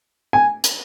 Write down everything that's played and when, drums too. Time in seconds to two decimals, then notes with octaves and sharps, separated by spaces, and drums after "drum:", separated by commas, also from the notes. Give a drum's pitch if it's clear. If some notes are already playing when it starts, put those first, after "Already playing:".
0.33 G#5
0.64 drum: hi-hat